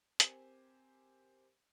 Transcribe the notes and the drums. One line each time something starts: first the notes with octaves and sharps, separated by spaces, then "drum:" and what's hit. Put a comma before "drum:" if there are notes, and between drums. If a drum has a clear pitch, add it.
C4 G4 A#4 C5 G#5, drum: hi-hat